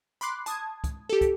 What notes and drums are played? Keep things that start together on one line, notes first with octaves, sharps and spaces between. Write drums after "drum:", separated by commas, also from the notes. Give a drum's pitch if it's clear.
B5 C6 D6 F#6 C7
A5 D#6 G#6, drum: hi-hat
drum: kick, hi-hat
G4 A4
drum: kick, hi-hat